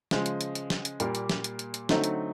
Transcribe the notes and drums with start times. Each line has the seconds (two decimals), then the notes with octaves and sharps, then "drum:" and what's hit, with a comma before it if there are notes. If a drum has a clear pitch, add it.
0.11 C#3 F3 G#3, drum: snare
0.26 drum: hi-hat
0.41 drum: hi-hat
0.55 drum: hi-hat
0.70 drum: snare
0.85 drum: hi-hat
1.00 A#2 G3 A#3, drum: hi-hat
1.15 drum: hi-hat
1.30 drum: snare
1.44 drum: hi-hat
1.59 drum: hi-hat
1.74 drum: hi-hat
1.89 D3 F#3 A3 C4 D#4, drum: snare
2.04 drum: hi-hat